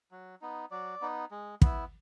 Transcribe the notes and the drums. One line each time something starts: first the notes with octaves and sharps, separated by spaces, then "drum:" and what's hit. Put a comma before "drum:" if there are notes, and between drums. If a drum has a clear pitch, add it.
F#3
B3 D#4
F#3 D5
B3 D#4
G#3
B3 E4, drum: kick